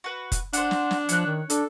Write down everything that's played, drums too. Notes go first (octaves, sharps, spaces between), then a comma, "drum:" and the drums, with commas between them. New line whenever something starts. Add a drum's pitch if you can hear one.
F#4 B4
drum: kick F1, hi-hat
D4 C5 F#5, drum: hi-hat
drum: snare
drum: snare
F3 C#5 F#6, drum: hi-hat
D#3
D4 A4, drum: hi-hat